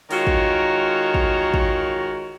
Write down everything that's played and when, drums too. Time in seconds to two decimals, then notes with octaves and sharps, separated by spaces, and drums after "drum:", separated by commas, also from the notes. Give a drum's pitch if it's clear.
0.11 D#3 G#3 F4 F#4 A#4 C#5, drum: open hi-hat
0.27 drum: kick
1.14 drum: kick
1.54 drum: kick